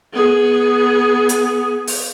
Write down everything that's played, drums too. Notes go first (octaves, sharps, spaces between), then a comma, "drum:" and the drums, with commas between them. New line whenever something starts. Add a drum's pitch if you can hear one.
B3 G#4
drum: hi-hat
drum: open hi-hat